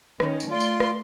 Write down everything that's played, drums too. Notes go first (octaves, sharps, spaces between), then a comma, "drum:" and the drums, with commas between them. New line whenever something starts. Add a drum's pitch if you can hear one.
D#3 C#4, drum: rim click
drum: tambourine
A3 F4 D5 C6
drum: tambourine
drum: rim click